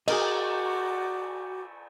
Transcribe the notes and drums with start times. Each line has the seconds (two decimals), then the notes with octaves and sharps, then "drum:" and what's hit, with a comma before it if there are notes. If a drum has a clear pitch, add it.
0.08 F#4 G#4 A#4 D#5 D6, drum: cymbal